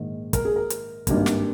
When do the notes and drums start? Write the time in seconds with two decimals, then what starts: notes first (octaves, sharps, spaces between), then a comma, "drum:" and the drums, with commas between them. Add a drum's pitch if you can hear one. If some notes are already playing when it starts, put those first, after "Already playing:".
Already playing: A#1 G#2 D#3
0.33 A#4, drum: kick, hi-hat
0.45 G#4
0.56 A#4
0.70 drum: hi-hat
1.07 G#1 G2 G3 A#3, drum: kick, hi-hat
1.26 drum: snare